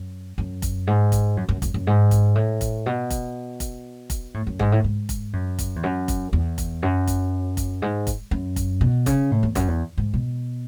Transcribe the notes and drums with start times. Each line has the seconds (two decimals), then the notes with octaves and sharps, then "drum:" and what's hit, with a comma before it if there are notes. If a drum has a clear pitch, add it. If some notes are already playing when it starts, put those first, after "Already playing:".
Already playing: F#2
0.38 F#2
0.62 drum: kick F1, hi-hat
0.87 G#2
1.12 drum: kick F1, hi-hat
1.37 F#2
1.49 F#2
1.62 F#2, drum: kick F1, hi-hat
1.74 F#2
1.87 G#2
2.11 drum: kick F1, hi-hat
2.35 A2
2.61 drum: kick F1, hi-hat
2.86 B2
3.10 drum: kick F1, hi-hat
3.60 drum: kick F1, hi-hat
4.10 drum: kick F1, hi-hat
4.34 A2
4.47 F#2
4.59 G#2, drum: kick F1
4.72 A2
4.84 G#2
5.09 drum: kick F1, hi-hat
5.33 F#2
5.59 drum: kick F1, hi-hat
5.76 E2
5.83 F#2
6.08 drum: kick F1, hi-hat
6.33 E2
6.58 drum: kick F1, hi-hat
6.83 F#2
7.07 drum: kick F1, hi-hat
7.57 drum: kick F1, hi-hat
7.82 G#2
8.07 drum: kick F1, hi-hat
8.31 F#2
8.56 drum: kick F1, hi-hat
8.81 B2
9.06 C#3, drum: kick F1, hi-hat
9.31 A2
9.43 E2
9.55 F#2, drum: kick F1, hi-hat
9.68 E2
9.98 G#2
10.14 B2